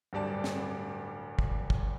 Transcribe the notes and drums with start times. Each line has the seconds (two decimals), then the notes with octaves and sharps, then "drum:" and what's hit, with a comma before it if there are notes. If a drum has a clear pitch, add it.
0.13 D1 G2 G3 D5 A5
0.44 drum: snare
1.39 drum: kick
1.70 drum: kick